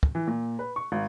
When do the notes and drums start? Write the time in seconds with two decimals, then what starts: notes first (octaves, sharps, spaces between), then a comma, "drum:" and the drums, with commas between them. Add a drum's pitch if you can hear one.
0.03 drum: kick
0.15 E3
0.27 A#2
0.59 B4
0.76 C#6
0.92 G#1